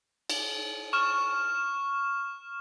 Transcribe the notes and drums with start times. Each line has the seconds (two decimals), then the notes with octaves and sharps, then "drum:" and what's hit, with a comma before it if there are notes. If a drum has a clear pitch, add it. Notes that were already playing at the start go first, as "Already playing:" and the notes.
0.30 drum: cymbal
0.93 C#6 F6 E7